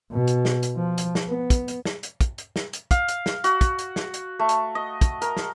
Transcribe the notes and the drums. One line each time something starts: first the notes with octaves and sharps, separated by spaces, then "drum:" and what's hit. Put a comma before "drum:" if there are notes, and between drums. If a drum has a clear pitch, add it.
B2
drum: hi-hat
drum: snare
drum: hi-hat
F3
drum: hi-hat
drum: snare
B3
drum: kick, hi-hat
drum: hi-hat
drum: snare
drum: hi-hat
drum: kick, hi-hat
drum: hi-hat
drum: snare
drum: hi-hat
F5, drum: kick, hi-hat
drum: hi-hat
drum: snare
F#4, drum: hi-hat
drum: kick, hi-hat
drum: hi-hat
drum: snare
drum: hi-hat
A3
drum: hi-hat
D#5
drum: kick, hi-hat
A#4, drum: hi-hat
drum: snare